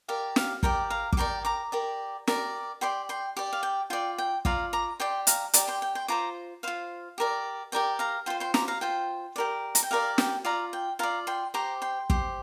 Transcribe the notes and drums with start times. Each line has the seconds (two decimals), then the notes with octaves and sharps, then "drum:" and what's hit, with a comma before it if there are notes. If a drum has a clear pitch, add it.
0.08 G4 A#4 D5 F5
0.36 F5, drum: snare
0.63 G4 A#4 D5 G5, drum: kick
0.90 F5 A#5
1.13 D6, drum: kick
1.17 G4 A#4 D5 G5 C6
1.45 A#5 D6
1.72 G4 A#4 D5
2.27 G4 A#4 D5, drum: snare
2.81 G4 D5 G5 C6
3.09 G5 C6
3.37 G4 D5
3.53 F5
3.63 G5
3.90 F4 D5 G5
4.18 G5
4.45 F4 D5 F5 A#5, drum: kick
4.73 A#5 D6
5.00 G4 D5 G5 C6
5.27 F5 A#5, drum: hi-hat
5.53 G4 D5 A#5 D6, drum: hi-hat
5.68 G5 C6
5.82 G5
5.95 G5 C6
6.08 F4 C5 A#5 D6
6.63 F4 C5 F5
7.18 G4 A#4 D5
7.72 G4 A#4 D5 G5
7.99 F5 A#5
8.26 F4 C5 G5 C6
8.40 G5 C6
8.54 A#5 D6, drum: snare
8.68 F5 A#5
8.81 F4 C5 G5
9.36 G4 A#4 D5
9.75 A#5, drum: hi-hat
9.83 G5
9.91 G4 A#4 D5 F5
10.18 G5, drum: snare
10.45 F4 D5 F5 A#5
10.73 G5
10.99 F4 D5 F5 A#5
11.27 G5 C6
11.54 G4 C5 A#5 D6
11.82 G5 C6
12.10 G4 C5, drum: kick